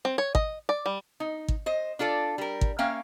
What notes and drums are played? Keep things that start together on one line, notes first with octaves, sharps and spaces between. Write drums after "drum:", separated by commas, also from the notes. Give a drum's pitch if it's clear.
C4
C#5
D#5, drum: kick
D5
G3
D#4
drum: kick
C5 D#5
D4 F4 A4 D5
G3 A#4
drum: kick
A#3 C#4 E5 F5 G5